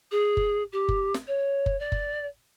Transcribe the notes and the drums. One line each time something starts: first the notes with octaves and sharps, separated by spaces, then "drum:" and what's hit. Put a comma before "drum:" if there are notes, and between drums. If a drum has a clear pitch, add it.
G#4
drum: kick F#1
G4
drum: kick F#1
drum: snare
C#5
drum: kick F#1
D5
drum: kick F#1